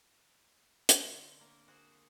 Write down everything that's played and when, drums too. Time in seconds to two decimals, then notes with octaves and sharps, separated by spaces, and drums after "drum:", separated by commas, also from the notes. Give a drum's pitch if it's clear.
0.89 D3 C4 A#4 B4 C#5, drum: hi-hat
1.41 A#3 A#4
1.68 F#4 G#4 C5